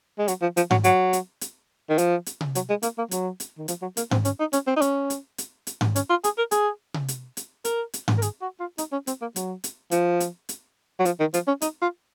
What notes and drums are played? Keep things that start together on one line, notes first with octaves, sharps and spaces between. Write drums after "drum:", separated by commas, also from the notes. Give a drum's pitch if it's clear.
G#3
F#3, drum: hi-hat
F3
F3, drum: hi-hat
F#3, drum: tom G#2
F#3, drum: hi-hat
drum: hi-hat
drum: hi-hat
D#3
F3, drum: hi-hat
drum: hi-hat
drum: tom C3
F#3, drum: hi-hat
G#3
A#3, drum: hi-hat
A#3
F#3, drum: hi-hat
drum: hi-hat
D#3
F3, drum: hi-hat
F#3
A#3, drum: hi-hat
C4, drum: tom G#2
C#4, drum: hi-hat
D#4
C#4, drum: hi-hat
C4
D#4
C#4, drum: hi-hat
drum: hi-hat
drum: hi-hat
drum: hi-hat
drum: tom G#2
C#4, drum: hi-hat
F4
G#4, drum: hi-hat
A#4
G#4, drum: hi-hat
drum: tom C3
drum: hi-hat
drum: hi-hat
A#4, drum: hi-hat
drum: hi-hat
drum: tom G#2
A#4
G#4, drum: hi-hat
F#4
F4
D#4, drum: hi-hat
C#4
C4, drum: hi-hat
A#3
F#3, drum: hi-hat
drum: hi-hat
F3, drum: hi-hat
drum: hi-hat
drum: hi-hat
F#3
F3, drum: hi-hat
D#3
F3, drum: hi-hat
C#4
D#4, drum: hi-hat
F4